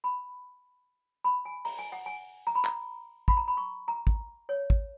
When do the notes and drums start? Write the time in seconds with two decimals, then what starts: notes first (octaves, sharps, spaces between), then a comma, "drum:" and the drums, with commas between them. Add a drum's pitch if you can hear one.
0.04 B5
1.24 B5
1.45 G#5
1.65 A#5, drum: open hi-hat
1.79 G#5
1.92 F#5
2.06 G#5
2.47 A#5
2.55 B5
2.65 A#5, drum: clap
3.28 B5, drum: kick
3.37 A#5
3.48 B5
3.57 C#6
3.88 A#5
4.07 drum: kick
4.49 C#5
4.70 drum: kick